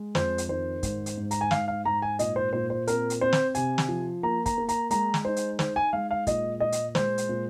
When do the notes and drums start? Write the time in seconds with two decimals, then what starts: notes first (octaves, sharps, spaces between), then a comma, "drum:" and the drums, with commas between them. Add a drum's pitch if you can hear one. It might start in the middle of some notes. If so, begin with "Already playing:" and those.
Already playing: G#3
0.15 F2 C5, drum: snare
0.38 drum: hi-hat
0.49 D#3 C5
0.83 G#2, drum: kick, hi-hat
1.06 drum: hi-hat
1.17 G#2
1.31 A#5, drum: hi-hat
1.41 G#5
1.51 G#2 F5, drum: snare
1.68 F5
1.85 G#2 A#5
2.02 G#5
2.19 A#2 D#5, drum: hi-hat
2.36 C5
2.53 A#2 C5
2.70 C5
2.87 C4 A#4, drum: hi-hat
3.10 drum: hi-hat
3.21 C4 C5
3.33 drum: snare
3.55 C3 G#5, drum: hi-hat
3.78 drum: snare
3.89 F3
4.23 A#3 A#5
4.46 A#5, drum: kick, hi-hat
4.58 A#3
4.69 A#5, drum: hi-hat
4.91 G#3 A#5, drum: hi-hat
5.14 drum: snare
5.25 D#4 C5
5.36 drum: hi-hat
5.59 D#4 C5, drum: snare
5.76 G#5
5.93 G#3 F5
6.11 F5
6.27 A#2 D#5, drum: kick, hi-hat
6.60 A#2 D#5
6.72 drum: hi-hat
6.95 G#3 C5, drum: snare
7.18 drum: hi-hat
7.29 A#2